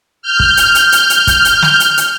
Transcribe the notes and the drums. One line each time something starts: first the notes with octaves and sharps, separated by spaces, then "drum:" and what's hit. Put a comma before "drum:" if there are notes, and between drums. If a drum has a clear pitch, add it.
F6 G6
drum: kick
drum: hi-hat
drum: hi-hat
drum: hi-hat
drum: hi-hat
drum: kick, hi-hat
drum: hi-hat
drum: snare
drum: hi-hat
drum: hi-hat